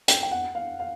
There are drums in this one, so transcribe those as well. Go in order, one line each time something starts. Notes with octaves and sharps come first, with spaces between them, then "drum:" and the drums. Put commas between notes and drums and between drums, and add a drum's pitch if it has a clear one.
G5, drum: hi-hat
G5
F#5
F5
F5